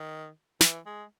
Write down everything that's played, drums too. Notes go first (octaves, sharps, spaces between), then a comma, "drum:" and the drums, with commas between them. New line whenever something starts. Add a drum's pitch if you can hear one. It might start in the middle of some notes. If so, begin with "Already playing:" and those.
Already playing: D#3
E3, drum: snare
G#3